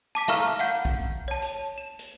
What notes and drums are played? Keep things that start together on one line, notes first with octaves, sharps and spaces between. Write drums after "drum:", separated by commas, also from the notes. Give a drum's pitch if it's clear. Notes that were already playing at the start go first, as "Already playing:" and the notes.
A5 D6 B6
E5 F5 A#5 C#6 E6 F6, drum: snare
F5 F#5 G6
drum: kick B1
C#5 A5
drum: hi-hat
E7
drum: hi-hat